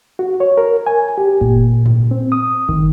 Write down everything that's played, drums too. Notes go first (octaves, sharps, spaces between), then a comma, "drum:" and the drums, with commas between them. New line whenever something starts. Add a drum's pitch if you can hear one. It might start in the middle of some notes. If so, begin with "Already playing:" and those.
F#4
C#5
A#4
G#5
G4
A#2, drum: kick F#1
drum: tom G2
C4
D#6
D#3, drum: kick F#1